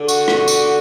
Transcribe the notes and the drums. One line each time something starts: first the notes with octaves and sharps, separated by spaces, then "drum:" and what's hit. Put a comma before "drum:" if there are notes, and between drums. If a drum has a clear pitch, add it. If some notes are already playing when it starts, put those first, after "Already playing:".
Already playing: D3
F#4, drum: tambourine
drum: rim click
drum: tambourine